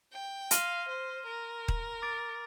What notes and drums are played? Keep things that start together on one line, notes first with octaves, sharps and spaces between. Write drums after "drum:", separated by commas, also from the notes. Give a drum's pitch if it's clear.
G5
F5 C6 F6 A#6 D#7 G7, drum: hi-hat
C5
A#4
drum: kick D#1
D6 A6 D7